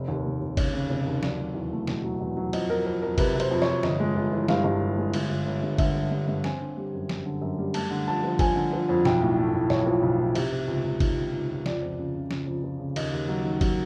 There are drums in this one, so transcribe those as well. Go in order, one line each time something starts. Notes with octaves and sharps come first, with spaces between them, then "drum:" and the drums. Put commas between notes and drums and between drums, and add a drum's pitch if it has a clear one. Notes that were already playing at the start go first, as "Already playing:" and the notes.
Already playing: F1
D#2
F1
F1
C#3 C#5, drum: kick G1, cymbal
C#3
F1
D#2
F#3 D5, drum: snare
F#3
E2
A3
B2, drum: snare
F#3
E2
F#3
F2 D#5, drum: cymbal
F2 A#4
F2 A#4
F2 A#4
C3 B4, drum: kick G1, cymbal
C3
C5, drum: cymbal
F2
F2 C#5, drum: snare
G1 D#5, drum: snare
G#3
G1
E3
G2 F5, drum: snare
G2
E3
G#3
G1, drum: cymbal
G1
G1
G2
D3 E5, drum: kick G1, cymbal
G1
G2
G2
C4 G#5, drum: snare
D3
G3
F#2
G3, drum: snare
D3
F#2
G3
A3 A5, drum: cymbal
D3
F3 A5
F3
F3 G#5, drum: kick G1, cymbal
D3
F3
F2
B1 G5, drum: snare
A2
A3
A2
B1 C#5, drum: snare
F3
B1
A2
C3, drum: cymbal
C3
C#2
C#2
D#3, drum: kick G1, cymbal
C#2
C#2
C#2
F2 D5, drum: snare
F2
C#3
C#3
C#3, drum: snare
F2
F3
C#3
D#2 D#5, drum: cymbal
D#2
F#3
D#3
F#3, drum: kick G1, cymbal